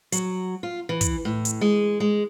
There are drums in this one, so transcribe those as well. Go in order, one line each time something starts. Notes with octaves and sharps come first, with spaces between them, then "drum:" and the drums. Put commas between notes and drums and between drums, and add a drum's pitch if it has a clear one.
F#3, drum: hi-hat
F4
E3
drum: kick, hi-hat
A2
drum: hi-hat
G#3
G#3